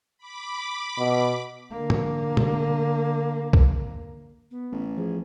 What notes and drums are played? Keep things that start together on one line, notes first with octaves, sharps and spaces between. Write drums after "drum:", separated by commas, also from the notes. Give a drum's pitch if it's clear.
B5 D6
B2
D3 A#3
drum: tom
drum: tom
drum: kick
B3
A1
F3 G#4